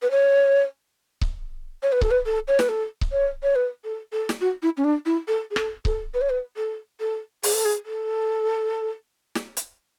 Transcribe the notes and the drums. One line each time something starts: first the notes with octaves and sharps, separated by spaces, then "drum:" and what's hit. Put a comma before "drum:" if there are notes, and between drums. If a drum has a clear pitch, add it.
B4
C#5
drum: kick C#1
C#5
B4
A4, drum: kick C#1
B4
A4
C#5
B4, drum: snare
A4
drum: kick C#1
C#5
C#5
B4
A4
A4
drum: snare
F#4
E4
C#4
D4
E4
A4
G#4
A4, drum: rim click
A4, drum: kick C#1
B4
C#5
B4
A4
A4
G#4, drum: open hi-hat
A4
G#4
A4
drum: snare
drum: hi-hat